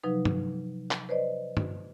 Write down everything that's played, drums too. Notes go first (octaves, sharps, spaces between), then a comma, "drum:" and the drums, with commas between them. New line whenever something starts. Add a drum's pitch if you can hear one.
C3 F3 F#3 D#4 B4
drum: tom
drum: clap
B4 C5 D5 D#5
drum: tom